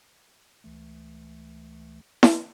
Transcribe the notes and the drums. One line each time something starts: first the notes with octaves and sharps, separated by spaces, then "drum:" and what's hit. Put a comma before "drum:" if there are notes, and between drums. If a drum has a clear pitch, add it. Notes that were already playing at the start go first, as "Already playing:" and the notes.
C#2 E3 A3
drum: snare E4